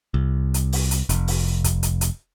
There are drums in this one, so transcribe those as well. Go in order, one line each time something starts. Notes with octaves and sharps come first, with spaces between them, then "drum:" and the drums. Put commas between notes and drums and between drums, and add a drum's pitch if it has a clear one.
C2
drum: hi-hat
drum: open hi-hat
drum: hi-hat
F1, drum: hi-hat
drum: open hi-hat
drum: kick C#1, hi-hat
drum: hi-hat
drum: hi-hat